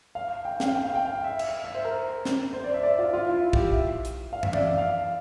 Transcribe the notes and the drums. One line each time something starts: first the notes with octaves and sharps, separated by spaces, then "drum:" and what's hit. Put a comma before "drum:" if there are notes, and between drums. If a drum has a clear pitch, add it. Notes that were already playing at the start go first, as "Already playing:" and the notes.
F5
G5
F5, drum: snare
G5
F5
G5
F5
E5
drum: cymbal
E5
C5
A#4
drum: snare
C5
D5
E5
D5
F4
F4
E4
G4, drum: kick
E5
drum: hi-hat
F5
E5, drum: tom
D5, drum: tom
F5